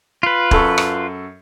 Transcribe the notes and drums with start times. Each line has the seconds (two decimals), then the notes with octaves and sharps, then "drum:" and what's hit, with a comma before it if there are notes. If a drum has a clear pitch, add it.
0.23 F4 B4
0.51 F#2 A4 C#6, drum: kick
0.78 drum: rim click